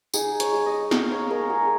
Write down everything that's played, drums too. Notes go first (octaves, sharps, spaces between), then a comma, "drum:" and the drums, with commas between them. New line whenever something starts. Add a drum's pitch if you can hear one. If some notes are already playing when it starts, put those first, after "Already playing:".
D#4 G#4, drum: tambourine
C#5, drum: hi-hat
G#3
D#5
D#4 F5, drum: snare
C#5
G#3 A#4
G#4